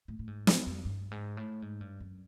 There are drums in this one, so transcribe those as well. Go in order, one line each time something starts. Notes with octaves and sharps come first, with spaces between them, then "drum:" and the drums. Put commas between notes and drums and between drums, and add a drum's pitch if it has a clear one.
A2
A2
G#2
G2, drum: snare
F2
G2
G#2
A2
G#2
G2
F#2